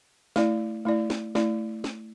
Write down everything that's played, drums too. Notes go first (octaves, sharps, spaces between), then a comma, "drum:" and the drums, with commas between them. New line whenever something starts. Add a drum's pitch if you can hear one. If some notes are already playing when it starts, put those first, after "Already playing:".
A3 E4 D5, drum: snare
A3 E4 D5
drum: snare
A3 E4 D5, drum: snare
drum: snare